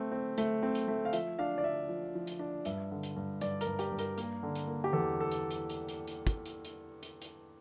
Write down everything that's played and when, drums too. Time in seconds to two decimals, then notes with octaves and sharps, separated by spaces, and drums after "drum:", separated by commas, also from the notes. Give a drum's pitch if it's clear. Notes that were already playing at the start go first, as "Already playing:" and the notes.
Already playing: A3 C4
0.12 C4
0.38 A3, drum: hi-hat
0.63 C4
0.75 drum: hi-hat
0.88 A3
1.05 F5
1.13 F3 E5, drum: hi-hat
1.39 D4 F5
1.58 D5
1.64 D4 E5
1.89 F3
2.15 F3
2.27 drum: hi-hat
2.39 D4
2.65 G2 E5, drum: hi-hat
2.91 D3
3.03 drum: hi-hat
3.16 G2
3.41 G2 D5, drum: hi-hat
3.61 A#4, drum: hi-hat
3.67 G2
3.79 G4, drum: hi-hat
3.91 G2
3.99 A#4, drum: hi-hat
4.18 A#3, drum: hi-hat
4.43 D3
4.55 drum: hi-hat
4.68 A#3
4.84 G4
4.93 E2 A4
5.20 A4
5.32 drum: hi-hat
5.51 drum: hi-hat
5.70 drum: hi-hat
5.89 drum: hi-hat
6.08 drum: hi-hat
6.27 drum: kick, hi-hat
6.46 drum: hi-hat
6.65 drum: hi-hat
7.03 drum: hi-hat
7.22 drum: hi-hat